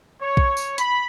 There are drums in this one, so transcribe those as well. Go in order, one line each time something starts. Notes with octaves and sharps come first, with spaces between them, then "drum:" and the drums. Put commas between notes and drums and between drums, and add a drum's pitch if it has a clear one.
C#5
drum: kick
drum: tambourine
B5, drum: hi-hat